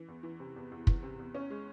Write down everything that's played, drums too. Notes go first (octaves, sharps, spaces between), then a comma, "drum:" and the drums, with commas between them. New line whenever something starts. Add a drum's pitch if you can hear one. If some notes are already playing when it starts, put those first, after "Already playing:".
Already playing: E3
E2
E3
C3
E2
E2
E3, drum: kick
C3
E2
C#4
G#3